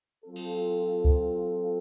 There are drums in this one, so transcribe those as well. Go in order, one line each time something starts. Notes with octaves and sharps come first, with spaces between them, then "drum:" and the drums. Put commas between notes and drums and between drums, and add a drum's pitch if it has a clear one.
F#3 C4 F4 A4
drum: cymbal
drum: kick C#2